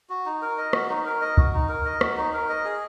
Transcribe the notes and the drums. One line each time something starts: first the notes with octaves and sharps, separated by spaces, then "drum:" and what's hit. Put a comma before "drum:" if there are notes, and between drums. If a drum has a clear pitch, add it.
F#4
D#4
A#4
D#5
F#4, drum: rim click
D#4
A#4
D#5
F#4, drum: kick
D#4
A#4
D#5
F#4, drum: rim click
D#4
A#4
D#5
G#4